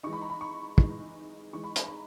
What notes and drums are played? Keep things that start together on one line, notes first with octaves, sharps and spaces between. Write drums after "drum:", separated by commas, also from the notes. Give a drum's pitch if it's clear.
E3 G#3 D#4 C#6
B5
A#5
B5
C#6
E3 G#3 D#4, drum: kick
E3 G#3 D#4 C#6
B5
A#5, drum: hi-hat
B5